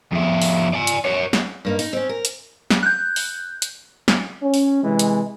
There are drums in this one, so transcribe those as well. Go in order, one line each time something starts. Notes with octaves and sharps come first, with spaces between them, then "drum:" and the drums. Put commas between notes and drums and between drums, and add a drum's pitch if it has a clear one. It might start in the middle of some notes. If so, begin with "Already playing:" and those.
F2 E4
drum: open hi-hat
D5 G#5
drum: hi-hat
A#4 C#5
drum: snare
G2 A#3 D#4
D#4, drum: open hi-hat
C4 C#4
A#4
drum: hi-hat
drum: snare
F#6 G6
drum: open hi-hat
drum: hi-hat
drum: snare
C#4
drum: open hi-hat
C3 E3 G#3
drum: hi-hat